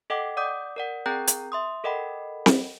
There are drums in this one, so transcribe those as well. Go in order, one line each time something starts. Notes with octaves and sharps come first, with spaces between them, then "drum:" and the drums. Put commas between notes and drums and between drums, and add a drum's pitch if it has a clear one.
A4 D#5 F#5 G5 D6
D5 F#5 D6 D#6 G6
A#4 D5 F#5
C4 G#4 A#4 G5 A#5 G6
drum: hi-hat
E5 C6 D#6
A4 A#4 D#5 F#5 G5 B5
drum: snare C4